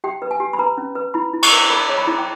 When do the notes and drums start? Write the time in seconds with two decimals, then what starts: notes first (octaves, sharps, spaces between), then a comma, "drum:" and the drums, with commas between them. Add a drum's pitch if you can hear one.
0.04 G4 G5
0.22 B4
0.31 G#5
0.40 G4
0.53 B5
0.59 B4 A#5
0.77 C#4
0.95 B4
1.14 E4 B5
1.33 E4
1.43 C#6, drum: cymbal
1.52 A#4
1.69 A#4 B5
1.89 C#5
1.98 B5
2.07 E4
2.18 G5